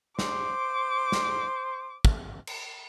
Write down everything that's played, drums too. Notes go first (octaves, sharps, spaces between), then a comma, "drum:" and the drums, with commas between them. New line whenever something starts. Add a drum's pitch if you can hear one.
C5 D6, drum: snare
drum: snare
drum: kick
drum: cymbal